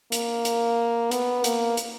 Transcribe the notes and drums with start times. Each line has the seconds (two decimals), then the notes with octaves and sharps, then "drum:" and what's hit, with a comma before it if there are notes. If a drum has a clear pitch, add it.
0.12 A#3, drum: hi-hat
0.45 drum: hi-hat
1.11 B3, drum: hi-hat
1.44 A#3, drum: hi-hat
1.77 drum: hi-hat